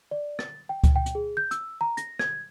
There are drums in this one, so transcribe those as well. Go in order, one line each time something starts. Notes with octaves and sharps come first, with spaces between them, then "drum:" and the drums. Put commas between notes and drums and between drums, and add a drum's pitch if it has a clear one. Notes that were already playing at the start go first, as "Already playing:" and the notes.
D5
A6, drum: rim click
G5
drum: kick C#2, hi-hat
G5
drum: hi-hat
G#4
G6
E6, drum: hi-hat
A#5
A#6, drum: hi-hat
G#6, drum: rim click